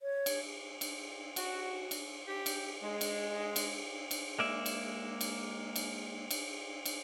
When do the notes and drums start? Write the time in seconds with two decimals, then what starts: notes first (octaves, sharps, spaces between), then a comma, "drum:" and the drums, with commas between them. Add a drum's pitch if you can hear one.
0.01 C#5
0.26 drum: cymbal
0.81 drum: cymbal
1.36 F#4, drum: cymbal
1.91 drum: cymbal
2.28 G4
2.46 drum: cymbal
2.82 G#3
3.01 drum: cymbal
3.56 drum: cymbal
4.11 drum: cymbal
4.38 G#3 A#3 D5 E5
4.66 drum: cymbal
5.21 drum: cymbal
5.76 drum: cymbal
6.31 drum: cymbal
6.85 drum: cymbal